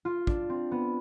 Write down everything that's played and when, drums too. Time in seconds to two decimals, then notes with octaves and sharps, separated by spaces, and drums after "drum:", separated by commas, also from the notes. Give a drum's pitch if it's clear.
0.05 F4
0.27 D4, drum: kick
0.49 C4
0.71 B3